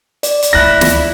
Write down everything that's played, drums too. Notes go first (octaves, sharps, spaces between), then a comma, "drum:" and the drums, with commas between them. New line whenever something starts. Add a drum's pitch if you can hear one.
D5, drum: hi-hat
drum: hi-hat
D2 A#3 E4 F#6 A#6
drum: snare